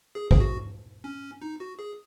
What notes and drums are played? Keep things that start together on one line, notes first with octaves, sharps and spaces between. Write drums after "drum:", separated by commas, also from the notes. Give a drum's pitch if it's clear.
G#4
G#4, drum: kick
F#4
C#4
D#4
F#4
G#4